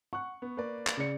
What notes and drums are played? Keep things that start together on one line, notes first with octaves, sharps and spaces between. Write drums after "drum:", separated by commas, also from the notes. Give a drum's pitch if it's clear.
F#5 C#6 F#6
B3
A#3 B4 D5
drum: clap
C#3 D5 C#7